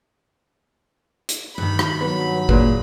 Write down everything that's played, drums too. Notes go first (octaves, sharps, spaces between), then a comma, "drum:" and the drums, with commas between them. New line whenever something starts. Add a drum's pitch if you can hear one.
drum: hi-hat
G2 D#3 B5
drum: rim click
F#3 B3
A#2 G#4 B4, drum: kick G#1